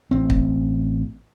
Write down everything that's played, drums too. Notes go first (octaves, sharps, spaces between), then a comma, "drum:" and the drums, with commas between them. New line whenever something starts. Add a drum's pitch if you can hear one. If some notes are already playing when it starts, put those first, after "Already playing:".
A1 C4
drum: kick